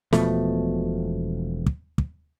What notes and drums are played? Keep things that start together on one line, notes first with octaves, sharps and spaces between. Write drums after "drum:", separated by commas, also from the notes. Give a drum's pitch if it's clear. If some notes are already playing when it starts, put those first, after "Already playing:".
E1 B2 F3 A3, drum: snare
drum: kick
drum: kick